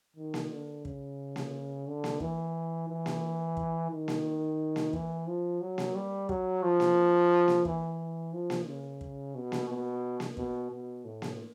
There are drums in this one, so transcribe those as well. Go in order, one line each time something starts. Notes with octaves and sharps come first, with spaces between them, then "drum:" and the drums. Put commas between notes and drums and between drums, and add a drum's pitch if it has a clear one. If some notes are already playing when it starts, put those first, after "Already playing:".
D#3
drum: snare A#3
D3
C#3, drum: kick
drum: snare A#3
D3
drum: snare A#3
E3, drum: kick
E3
drum: snare A#3
drum: kick
D#3
drum: snare A#3
drum: snare A#3
E3, drum: kick
F3
F#3
drum: snare A#3
G3
F#3, drum: kick
F3
drum: snare A#3
drum: snare A#3
E3, drum: kick
F3
drum: snare A#3
C#3
drum: kick
B2
drum: snare A#3
B2
drum: snare A#3
B2, drum: kick
B2
A2
drum: snare A#3